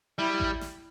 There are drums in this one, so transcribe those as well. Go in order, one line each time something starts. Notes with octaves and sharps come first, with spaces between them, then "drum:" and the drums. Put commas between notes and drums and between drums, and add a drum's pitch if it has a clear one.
G3 E4
drum: kick A1
drum: snare